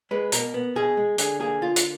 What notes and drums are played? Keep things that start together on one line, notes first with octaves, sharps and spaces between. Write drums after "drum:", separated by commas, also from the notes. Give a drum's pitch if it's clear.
G#3 B4
B2 A#4, drum: hi-hat
B3
B2 G#4
G#3
D3 G#4, drum: hi-hat
A#3 G#4
D3 F4
drum: hi-hat